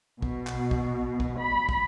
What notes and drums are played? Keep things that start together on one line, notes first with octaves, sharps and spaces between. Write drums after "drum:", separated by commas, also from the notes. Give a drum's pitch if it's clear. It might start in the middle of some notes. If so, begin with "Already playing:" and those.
B2, drum: kick
drum: clap
drum: kick
drum: kick
B5
drum: kick